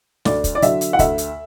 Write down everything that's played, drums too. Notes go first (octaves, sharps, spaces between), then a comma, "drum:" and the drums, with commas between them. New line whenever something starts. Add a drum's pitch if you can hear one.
D2 D5, drum: snare
drum: kick, hi-hat
D5
D3 F#3 E5, drum: hi-hat
drum: hi-hat
F#5
D2 E5, drum: kick, hi-hat
drum: hi-hat